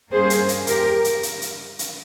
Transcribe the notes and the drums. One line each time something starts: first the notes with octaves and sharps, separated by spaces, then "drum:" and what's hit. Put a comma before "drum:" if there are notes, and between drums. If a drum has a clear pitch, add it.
G2 G3 A#3 C#4 G#4 C5
drum: hi-hat
drum: hi-hat
G4 A#4, drum: hi-hat
drum: hi-hat
drum: hi-hat
drum: hi-hat
drum: hi-hat